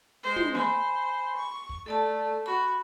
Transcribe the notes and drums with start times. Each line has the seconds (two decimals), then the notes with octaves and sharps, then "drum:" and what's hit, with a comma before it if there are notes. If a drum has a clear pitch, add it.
0.23 G#3 C5
0.36 drum: tom
0.55 C5 G#5 B5 C6, drum: snare
1.36 C#6
1.69 drum: kick
1.86 A3 A4 D5 A5
2.46 F#4 B5